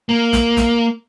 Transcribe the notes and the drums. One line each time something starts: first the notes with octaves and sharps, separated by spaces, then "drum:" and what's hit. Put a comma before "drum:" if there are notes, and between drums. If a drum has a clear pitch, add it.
A#3
drum: snare
drum: snare